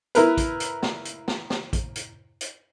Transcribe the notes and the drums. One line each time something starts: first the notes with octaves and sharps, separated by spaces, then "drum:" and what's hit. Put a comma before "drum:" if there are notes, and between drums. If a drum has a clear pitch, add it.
E4 A#4 B4, drum: hi-hat
drum: kick, hi-hat
drum: hi-hat
drum: snare
drum: hi-hat
drum: snare
drum: snare
drum: kick, hi-hat
drum: hi-hat
drum: hi-hat